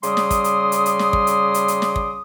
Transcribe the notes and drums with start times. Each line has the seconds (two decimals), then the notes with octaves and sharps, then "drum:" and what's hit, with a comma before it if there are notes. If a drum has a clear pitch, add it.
0.03 C#3 G3 C6 D6 D#6, drum: hi-hat
0.17 drum: snare
0.31 drum: kick, hi-hat
0.44 drum: hi-hat
0.72 drum: hi-hat
0.86 drum: hi-hat
0.99 drum: snare
1.13 drum: kick
1.27 drum: hi-hat
1.54 drum: hi-hat
1.68 drum: hi-hat
1.82 drum: snare
1.96 drum: kick